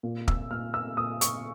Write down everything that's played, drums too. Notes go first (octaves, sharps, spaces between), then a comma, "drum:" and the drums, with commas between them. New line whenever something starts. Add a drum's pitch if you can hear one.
A#2
E6, drum: kick
A#2 F6
E6
A#2 D#6
C#6, drum: hi-hat